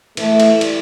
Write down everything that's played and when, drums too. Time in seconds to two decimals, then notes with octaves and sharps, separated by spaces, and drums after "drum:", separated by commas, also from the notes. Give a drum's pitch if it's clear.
0.17 E3 A3, drum: cymbal
0.40 drum: cymbal
0.61 G3, drum: cymbal